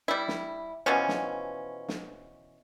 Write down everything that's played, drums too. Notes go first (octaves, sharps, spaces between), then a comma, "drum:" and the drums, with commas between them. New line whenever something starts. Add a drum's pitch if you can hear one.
G3 E4
drum: snare
B2 E3 F3 C#4
drum: snare
drum: snare